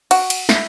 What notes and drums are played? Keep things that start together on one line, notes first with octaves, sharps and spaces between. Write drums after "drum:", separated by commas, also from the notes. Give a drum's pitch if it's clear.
F#4, drum: cymbal
drum: cymbal
E4, drum: snare